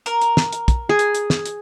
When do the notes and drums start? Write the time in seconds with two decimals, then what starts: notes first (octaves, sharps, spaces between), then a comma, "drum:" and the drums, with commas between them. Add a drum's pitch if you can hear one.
0.06 A#4, drum: hi-hat
0.22 drum: hi-hat
0.37 drum: snare
0.53 drum: hi-hat
0.68 drum: kick, hi-hat
0.89 G#4
0.99 drum: hi-hat
1.15 drum: hi-hat
1.30 drum: snare
1.46 drum: hi-hat